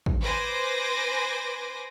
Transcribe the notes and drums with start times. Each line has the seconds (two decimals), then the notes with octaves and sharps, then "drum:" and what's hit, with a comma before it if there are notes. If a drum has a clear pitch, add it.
0.06 drum: kick
0.22 B4 C5 G#5 D6 A#6